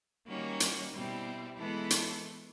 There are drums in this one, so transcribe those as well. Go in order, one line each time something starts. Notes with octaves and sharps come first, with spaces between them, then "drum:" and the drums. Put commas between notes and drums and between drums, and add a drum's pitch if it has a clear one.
D#3 G3 A#3 C#4 F#4
drum: hi-hat
B2 G3 C4 E4
E3 G#3 B3 E4 A4
drum: hi-hat